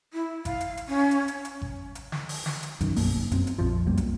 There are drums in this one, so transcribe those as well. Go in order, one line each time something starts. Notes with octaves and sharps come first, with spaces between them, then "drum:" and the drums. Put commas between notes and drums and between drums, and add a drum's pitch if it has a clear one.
E4
F5, drum: kick G#1, hi-hat
drum: hi-hat
drum: hi-hat
C#4
drum: hi-hat
drum: hi-hat
drum: hi-hat
drum: kick G#1
drum: hi-hat
drum: snare
drum: open hi-hat
drum: snare
drum: hi-hat
F#2 D#3, drum: kick G#1, hi-hat
B1 F#2 A#3, drum: open hi-hat
F#1
F#2 C4, drum: hi-hat
drum: hi-hat
A#1 F2 F3
C2 F#2 G3 A#3
drum: hi-hat